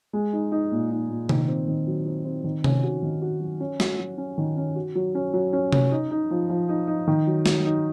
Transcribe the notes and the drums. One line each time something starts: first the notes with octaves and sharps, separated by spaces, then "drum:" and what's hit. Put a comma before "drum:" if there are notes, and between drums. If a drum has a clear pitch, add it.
G#3
D#4
D#4
A#2
D#4
A#2
D#3, drum: tom C3
C4
D#3
F#3
C4
C4
D#3
C#4, drum: tom C3
F#4
D#3
F#4
F#3
C#4
F#4, drum: snare
F#3
C#4
D#3
C#4
F#4
F#3
C#4
F#3
C#4
C#4, drum: tom C3
D#4
D#4
F3
F3
D#4
D#4
D#3
F#3
F#3, drum: snare
D#4